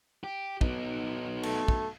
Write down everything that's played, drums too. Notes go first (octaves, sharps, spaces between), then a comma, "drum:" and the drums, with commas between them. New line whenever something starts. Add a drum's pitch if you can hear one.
G4
B1 B3 D#4, drum: kick
A3, drum: cymbal
drum: kick